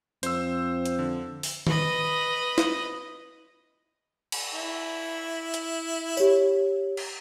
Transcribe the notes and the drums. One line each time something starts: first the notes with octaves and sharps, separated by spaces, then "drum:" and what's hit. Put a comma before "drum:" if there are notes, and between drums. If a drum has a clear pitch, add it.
F2 C5 E6, drum: hi-hat
drum: hi-hat
D3
drum: open hi-hat
B4 D#5, drum: tom D#3
drum: snare
drum: cymbal
E4
drum: hi-hat
G4 C#5, drum: tambourine
drum: cymbal